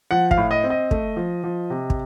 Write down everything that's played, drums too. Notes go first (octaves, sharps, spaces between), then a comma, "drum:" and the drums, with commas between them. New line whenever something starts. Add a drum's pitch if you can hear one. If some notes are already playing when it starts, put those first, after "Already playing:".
F3 F#5
F5, drum: kick
A2
D#5
C4
D#5
A3, drum: kick
F3
F3
C3
drum: kick